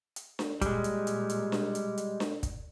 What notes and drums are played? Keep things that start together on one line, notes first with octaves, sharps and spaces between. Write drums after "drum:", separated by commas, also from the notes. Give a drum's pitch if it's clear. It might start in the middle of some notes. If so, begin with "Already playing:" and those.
drum: hi-hat
drum: snare D4
A#2 G3 G#3, drum: kick, hi-hat
drum: hi-hat
drum: hi-hat
drum: hi-hat
drum: snare D4
drum: hi-hat
drum: hi-hat
drum: snare D4
drum: kick, hi-hat